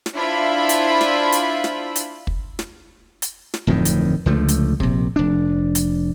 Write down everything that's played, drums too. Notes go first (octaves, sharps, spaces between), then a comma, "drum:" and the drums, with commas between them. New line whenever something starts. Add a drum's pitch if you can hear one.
drum: snare
D4 E4 F4 C5 E5 B5
drum: hi-hat
drum: snare
drum: hi-hat
drum: snare
drum: hi-hat
drum: kick
drum: snare
drum: hi-hat
drum: snare
D1 F2 A2 D#3
drum: hi-hat
C#2 D3 F3 A3
drum: hi-hat
A#1 C3, drum: kick
F1 D4
drum: hi-hat